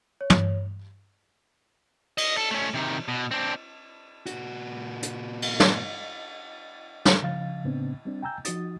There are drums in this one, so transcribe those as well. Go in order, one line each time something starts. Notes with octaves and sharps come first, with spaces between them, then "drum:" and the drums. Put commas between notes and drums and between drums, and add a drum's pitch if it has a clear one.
C#5
drum: tom
D#5, drum: cymbal
A4
A3 C#4
C3 D#3
B2
C4 D4
A#2 F#4, drum: hi-hat
drum: hi-hat
drum: cymbal
drum: snare
drum: snare
C#3 F3 F5 A6
A2 C#3 B3 C4 D4
G3 C4 D4
G5 G#5 A#5 E6 G6
F3 D#4 F#4 D#6 A6, drum: hi-hat